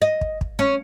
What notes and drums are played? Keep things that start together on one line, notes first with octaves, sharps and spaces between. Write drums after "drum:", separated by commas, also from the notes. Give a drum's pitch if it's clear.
D#5
drum: kick
drum: kick
C#4